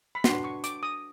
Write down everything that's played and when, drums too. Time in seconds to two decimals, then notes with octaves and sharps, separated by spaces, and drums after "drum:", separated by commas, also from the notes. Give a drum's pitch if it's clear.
0.15 B5
0.24 D4 F#4 B4 C6, drum: snare
0.44 C#6
0.64 D6, drum: hi-hat
0.83 D#6